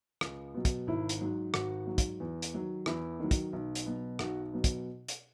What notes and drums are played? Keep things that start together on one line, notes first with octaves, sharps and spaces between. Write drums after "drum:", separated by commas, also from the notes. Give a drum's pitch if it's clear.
C#2, drum: rim click
B2 F#3
drum: kick, hi-hat
G#1 E4
drum: hi-hat
G#2 F#3
G#1 F#4, drum: rim click
G#2 F#3
drum: kick, hi-hat
E2
drum: hi-hat
D#3 F#3
E2 E4, drum: rim click
D#3 F#3
drum: kick, hi-hat
B1
drum: hi-hat
B2 F#3
B1 F#4, drum: rim click
B2 F#3
drum: kick, hi-hat
drum: hi-hat